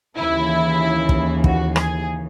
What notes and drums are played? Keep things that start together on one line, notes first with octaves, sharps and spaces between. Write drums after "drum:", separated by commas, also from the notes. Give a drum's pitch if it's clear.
D#2 C#3 E3 E4
drum: kick
F#4, drum: kick
G#4, drum: rim click